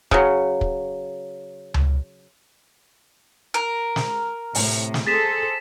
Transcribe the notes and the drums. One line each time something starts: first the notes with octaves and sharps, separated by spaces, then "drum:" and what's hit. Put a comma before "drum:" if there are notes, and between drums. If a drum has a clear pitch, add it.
C#3 F#3, drum: kick
drum: kick
drum: tom C#2
A#4
drum: snare
A2 C3, drum: open hi-hat
drum: snare
G#4 A4 C5 A6 B6 E7